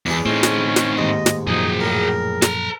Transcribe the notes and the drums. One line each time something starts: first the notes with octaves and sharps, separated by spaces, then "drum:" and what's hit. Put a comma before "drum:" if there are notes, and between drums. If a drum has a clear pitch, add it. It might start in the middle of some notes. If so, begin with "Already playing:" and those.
E2 D4 E4 G#4
A2 C4 C#4 D#4
drum: snare
drum: snare
D#2 G#2 D#5
drum: snare
F#2 A#2 F3 D#4 F#4 G#4
A2 C#3 A#4
A4 A#5, drum: snare